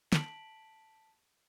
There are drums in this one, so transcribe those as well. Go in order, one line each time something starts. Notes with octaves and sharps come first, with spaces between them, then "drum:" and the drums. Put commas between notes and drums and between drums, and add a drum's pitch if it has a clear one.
A5 B6 D7 F#7, drum: snare